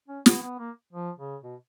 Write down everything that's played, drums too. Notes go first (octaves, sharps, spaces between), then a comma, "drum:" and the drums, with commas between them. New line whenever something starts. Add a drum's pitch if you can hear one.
C#4
B3, drum: snare
B3
A#3
F3
C#3
B2